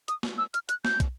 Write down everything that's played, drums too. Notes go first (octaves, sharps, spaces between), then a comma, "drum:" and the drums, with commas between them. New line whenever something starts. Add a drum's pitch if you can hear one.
D#6, drum: hi-hat
drum: snare
E6
F6, drum: hi-hat
F#6, drum: hi-hat
G6, drum: snare
drum: kick, hi-hat